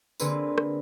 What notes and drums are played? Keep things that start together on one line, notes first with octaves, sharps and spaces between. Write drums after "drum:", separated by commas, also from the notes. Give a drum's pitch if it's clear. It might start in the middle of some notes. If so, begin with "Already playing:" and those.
D3 A#3 C4 G#4 B4, drum: tambourine
drum: rim click